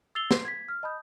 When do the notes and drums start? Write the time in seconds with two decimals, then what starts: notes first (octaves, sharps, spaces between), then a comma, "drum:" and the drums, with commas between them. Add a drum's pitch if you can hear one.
0.15 E6 A6 C7 F7 G7
0.31 C6 C7, drum: snare
0.45 G#6 B6
0.68 F6
0.83 D#5 A5 B5 D#6 G6